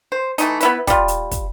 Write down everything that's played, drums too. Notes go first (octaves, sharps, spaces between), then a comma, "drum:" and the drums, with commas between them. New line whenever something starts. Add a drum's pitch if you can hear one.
C5
E3 A3 D#4, drum: hi-hat
B3 E4 B4, drum: hi-hat
G3 F4, drum: kick, hi-hat
drum: hi-hat
drum: kick, hi-hat